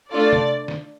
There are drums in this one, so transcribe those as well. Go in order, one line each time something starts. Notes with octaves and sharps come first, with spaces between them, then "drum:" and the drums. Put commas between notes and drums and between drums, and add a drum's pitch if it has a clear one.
A3 D4 F4 A4 D5
drum: tom
drum: snare